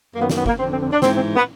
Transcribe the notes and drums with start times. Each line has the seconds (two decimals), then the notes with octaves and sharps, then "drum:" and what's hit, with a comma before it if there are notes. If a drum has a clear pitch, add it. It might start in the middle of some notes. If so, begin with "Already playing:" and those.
0.14 F#2 D#3 A#3
0.22 B3
0.30 A#3, drum: snare
0.37 B3
0.46 A#3, drum: kick
0.58 F2 D3 C4
0.69 C4
0.80 C4
0.91 D4
1.02 G#2 E3 C4, drum: snare
1.14 C4
1.36 B3